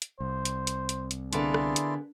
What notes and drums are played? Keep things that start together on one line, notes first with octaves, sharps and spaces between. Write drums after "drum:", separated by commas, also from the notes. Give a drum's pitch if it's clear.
drum: hi-hat
C2 C5
drum: hi-hat
drum: hi-hat
drum: hi-hat
drum: hi-hat
D3 A#3 B3 E4 G#4 D5 C6, drum: hi-hat
drum: rim click
drum: hi-hat